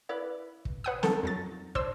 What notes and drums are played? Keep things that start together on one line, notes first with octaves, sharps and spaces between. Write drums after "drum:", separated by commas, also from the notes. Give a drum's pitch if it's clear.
E4 B4 D5
drum: kick
B4 F#5 D#6
D#4 A4 A#4, drum: snare
F2 F#3 A6
D4 C5 E6, drum: kick